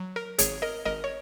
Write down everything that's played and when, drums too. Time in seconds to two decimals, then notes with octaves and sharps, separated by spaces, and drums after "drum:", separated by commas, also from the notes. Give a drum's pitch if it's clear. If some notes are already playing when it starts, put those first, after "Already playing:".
Already playing: F#3
0.16 A#4
0.39 G#1 G#4 C#5, drum: hi-hat
0.62 A#4 D#5
0.85 G#1 A#4 D#5
1.04 C#5